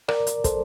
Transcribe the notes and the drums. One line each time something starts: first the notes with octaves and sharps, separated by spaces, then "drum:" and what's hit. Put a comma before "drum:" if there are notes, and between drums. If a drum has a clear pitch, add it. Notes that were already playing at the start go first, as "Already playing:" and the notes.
A#4 D5, drum: rim click
drum: hi-hat
A4 C5, drum: kick, hi-hat